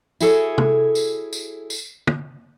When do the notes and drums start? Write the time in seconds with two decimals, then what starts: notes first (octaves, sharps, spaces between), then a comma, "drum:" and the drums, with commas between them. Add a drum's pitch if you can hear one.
0.21 E4 F#4 G#4 A4 B4 C#5, drum: tambourine
0.58 drum: tom
0.95 drum: tambourine
1.33 drum: tambourine
1.70 drum: tambourine
2.07 drum: tom